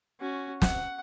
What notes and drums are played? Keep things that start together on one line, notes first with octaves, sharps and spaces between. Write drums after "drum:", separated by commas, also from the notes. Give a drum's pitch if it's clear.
C#4 F#4
F#5, drum: snare